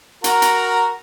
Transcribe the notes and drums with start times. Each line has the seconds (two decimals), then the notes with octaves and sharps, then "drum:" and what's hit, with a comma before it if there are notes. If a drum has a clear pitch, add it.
0.24 F#4 A#4 A#5, drum: hi-hat
0.42 drum: hi-hat